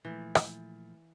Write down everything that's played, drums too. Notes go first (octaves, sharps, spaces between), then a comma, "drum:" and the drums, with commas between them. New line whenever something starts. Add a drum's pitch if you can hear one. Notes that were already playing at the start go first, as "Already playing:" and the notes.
A#2 E3 F3 A3
drum: rim click